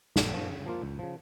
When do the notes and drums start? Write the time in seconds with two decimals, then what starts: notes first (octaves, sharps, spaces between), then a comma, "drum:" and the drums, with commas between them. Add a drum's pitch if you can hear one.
0.16 A#1, drum: snare
0.32 A#2 F3 C#4
0.49 C#3
0.66 F3 A#3 F4
0.82 C#2
0.99 C#3 F3